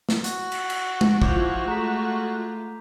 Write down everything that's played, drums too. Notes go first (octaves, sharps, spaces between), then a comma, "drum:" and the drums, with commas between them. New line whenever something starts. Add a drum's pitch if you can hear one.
drum: snare
F#4, drum: hi-hat
drum: cymbal
drum: cymbal
drum: tom G#3
F3 E4 F4 D6 G6 F7, drum: kick
G#3 A3 F4 A#5 B6